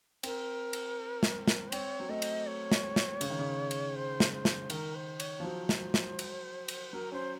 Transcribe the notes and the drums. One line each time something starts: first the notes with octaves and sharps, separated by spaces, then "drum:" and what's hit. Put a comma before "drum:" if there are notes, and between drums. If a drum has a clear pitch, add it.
C4 A#4, drum: cymbal
drum: cymbal
drum: snare
drum: snare
C4 C#5, drum: cymbal
F#3
A3 D#5
drum: cymbal
C#5
drum: snare
drum: snare
C#3, drum: cymbal
D#3
C#3
drum: cymbal
C5
drum: snare
C5
drum: snare
D#3 A#4, drum: cymbal
C5
C#5, drum: cymbal
F3
F#3 C5
drum: snare
drum: snare
drum: cymbal
drum: cymbal
F#3 A#4
C#4 C5